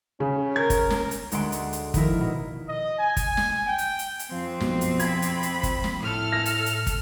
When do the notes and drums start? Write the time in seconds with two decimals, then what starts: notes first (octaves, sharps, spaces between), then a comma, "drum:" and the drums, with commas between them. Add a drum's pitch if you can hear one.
0.20 C#3 C#4
0.56 A#4 G#6
0.70 drum: kick, hi-hat
0.90 drum: snare
1.11 drum: hi-hat
1.32 D2 G#3 A4 F#5 C6 D7, drum: hi-hat
1.52 drum: hi-hat
1.73 drum: hi-hat
1.94 D#3 F3 E4 A#4, drum: kick, hi-hat
2.20 B2
2.68 D#5
2.99 G#5
3.17 drum: kick, hi-hat
3.37 drum: snare
3.66 G5
3.78 drum: hi-hat
3.99 drum: hi-hat
4.19 drum: hi-hat
4.31 F2 F3 C4
4.60 B1, drum: snare
4.81 drum: hi-hat
4.99 B5 G#6, drum: hi-hat
5.22 drum: hi-hat
5.43 drum: hi-hat
5.63 drum: kick, hi-hat
5.84 drum: snare
6.02 A2 A4 F6
6.32 A#6
6.46 drum: hi-hat
6.66 drum: hi-hat
6.87 drum: kick, hi-hat